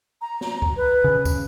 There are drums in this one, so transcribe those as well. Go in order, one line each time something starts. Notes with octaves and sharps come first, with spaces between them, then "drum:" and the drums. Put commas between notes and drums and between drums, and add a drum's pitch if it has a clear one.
A#5
drum: snare
drum: kick
B4
C#3
drum: kick, tambourine